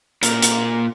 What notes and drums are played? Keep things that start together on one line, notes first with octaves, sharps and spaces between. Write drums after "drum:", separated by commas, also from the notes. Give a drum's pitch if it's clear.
A#2 A#4, drum: hi-hat
drum: hi-hat